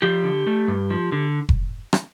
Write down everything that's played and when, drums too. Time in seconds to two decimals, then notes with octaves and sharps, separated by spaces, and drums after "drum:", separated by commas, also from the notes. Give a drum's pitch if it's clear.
0.02 F3 G4
0.24 D3
0.47 A3
0.68 G2
0.90 F3
1.12 D3
1.49 drum: kick F1
1.93 drum: rim click